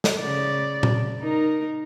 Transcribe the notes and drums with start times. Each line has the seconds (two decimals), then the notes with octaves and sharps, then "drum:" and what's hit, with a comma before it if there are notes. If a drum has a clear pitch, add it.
0.04 drum: snare
0.20 C#3 D5
0.83 drum: tom A#2
1.22 D#4 A#4